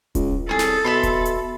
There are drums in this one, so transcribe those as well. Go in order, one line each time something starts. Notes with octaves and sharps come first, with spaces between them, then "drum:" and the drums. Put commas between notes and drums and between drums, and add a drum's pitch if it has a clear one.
C#2, drum: kick D#1, hi-hat
C2 C#4 G#4 A4
drum: snare
B2 E5 B5 C6
drum: kick D#1, hi-hat
drum: hi-hat